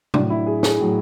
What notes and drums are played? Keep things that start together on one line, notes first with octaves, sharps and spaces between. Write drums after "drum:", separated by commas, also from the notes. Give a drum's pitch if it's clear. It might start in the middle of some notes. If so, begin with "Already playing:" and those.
A2 F#3 D4, drum: tom C3
E4
G#4
G#4, drum: snare
A2 F#3